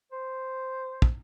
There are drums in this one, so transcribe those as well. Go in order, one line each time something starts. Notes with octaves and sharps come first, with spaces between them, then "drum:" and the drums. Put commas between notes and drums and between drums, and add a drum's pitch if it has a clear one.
C5
drum: kick